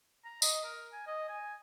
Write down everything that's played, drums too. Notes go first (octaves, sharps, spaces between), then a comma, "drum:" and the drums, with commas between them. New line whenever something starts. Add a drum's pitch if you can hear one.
A#5
D#5, drum: tambourine
A#4
G#5
D#5
G#5